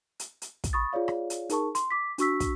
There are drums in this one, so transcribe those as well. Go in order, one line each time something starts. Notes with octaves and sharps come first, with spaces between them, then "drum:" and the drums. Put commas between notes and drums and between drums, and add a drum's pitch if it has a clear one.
drum: hi-hat
drum: hi-hat
drum: kick, hi-hat
B5 C#6 D#6 A6
F4 G#4 C#5 D5 F5
drum: rim click
drum: hi-hat
D#4 G#4 A#4 A5 C#6, drum: hi-hat
C6, drum: hi-hat
D6 B6
D4 F#4 C#6 E6 B6, drum: hi-hat
drum: kick, hi-hat